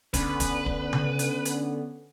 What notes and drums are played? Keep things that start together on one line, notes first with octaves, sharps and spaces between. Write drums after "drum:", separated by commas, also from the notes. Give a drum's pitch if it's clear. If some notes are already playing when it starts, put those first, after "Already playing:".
D3 B3 C#4 B4, drum: kick, hi-hat
drum: kick, hi-hat
drum: kick
drum: tom C#3
drum: hi-hat
drum: hi-hat